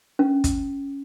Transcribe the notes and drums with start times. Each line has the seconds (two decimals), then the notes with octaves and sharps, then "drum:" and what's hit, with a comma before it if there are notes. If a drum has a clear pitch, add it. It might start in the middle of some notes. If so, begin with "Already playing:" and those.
0.19 C#4
0.44 drum: kick, hi-hat